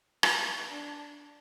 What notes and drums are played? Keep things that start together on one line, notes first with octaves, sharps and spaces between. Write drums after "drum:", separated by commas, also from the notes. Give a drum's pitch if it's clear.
B3, drum: rim click
D4